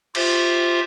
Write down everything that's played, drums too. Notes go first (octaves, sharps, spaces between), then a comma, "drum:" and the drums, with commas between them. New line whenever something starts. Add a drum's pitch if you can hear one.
F4 G4 C5 E5, drum: cymbal